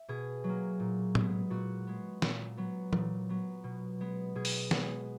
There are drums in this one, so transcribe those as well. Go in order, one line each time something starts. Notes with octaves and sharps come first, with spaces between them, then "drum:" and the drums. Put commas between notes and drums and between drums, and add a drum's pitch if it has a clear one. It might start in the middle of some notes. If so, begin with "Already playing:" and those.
Already playing: E5
B2 G#4
F#3
A#3
A#2
G#3 B3, drum: tom A2
A#2 F#4
G#3 B3
A#2, drum: snare
F#3 B3
A#2, drum: tom E3
F#3 B3
B2
G#3 B3
B2 G#4
drum: open hi-hat
G#3 B3, drum: snare